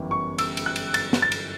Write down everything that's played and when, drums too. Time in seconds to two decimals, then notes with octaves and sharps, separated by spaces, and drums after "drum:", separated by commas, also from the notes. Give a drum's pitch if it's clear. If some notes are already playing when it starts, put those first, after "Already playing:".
Already playing: G1 F#2 E3 G3 C#4
0.11 C#6
0.38 E6, drum: cymbal
0.57 drum: cymbal
0.66 F#6
0.76 drum: cymbal
0.94 A6, drum: cymbal
1.13 drum: snare
1.22 A6
1.32 drum: cymbal